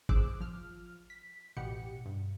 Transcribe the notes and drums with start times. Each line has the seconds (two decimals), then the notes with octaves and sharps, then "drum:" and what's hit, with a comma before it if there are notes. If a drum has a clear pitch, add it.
0.09 G#4 C5 D6 E6 F#6, drum: kick G1
0.41 F3 F6
1.10 B6
1.57 A1 E2 B2 G4 F#5 C#7
2.06 G2